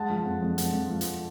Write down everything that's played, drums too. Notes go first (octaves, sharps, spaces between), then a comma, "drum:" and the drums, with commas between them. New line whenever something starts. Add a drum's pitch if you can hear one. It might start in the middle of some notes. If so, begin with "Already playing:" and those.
Already playing: G#3 F#5 A5
F3
F2
F2
F2, drum: hi-hat
F2
F3
drum: hi-hat